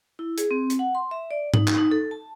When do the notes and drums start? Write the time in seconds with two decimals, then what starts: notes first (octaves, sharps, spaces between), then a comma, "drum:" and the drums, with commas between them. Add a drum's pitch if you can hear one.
0.19 E4
0.38 G#4, drum: hi-hat
0.51 C4
0.70 drum: hi-hat
0.79 F#5
0.95 C6
1.11 E5
1.31 D5
1.54 D#4, drum: tom G#2
1.67 drum: clap
1.78 D#4
1.91 A4
2.11 A5